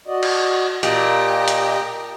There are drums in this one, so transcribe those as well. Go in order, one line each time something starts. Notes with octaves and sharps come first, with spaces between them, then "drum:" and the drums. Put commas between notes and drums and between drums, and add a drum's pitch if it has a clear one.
F#4 D5 D#5
drum: cymbal
A#2 G4 D#5 G5 A5, drum: hi-hat
drum: hi-hat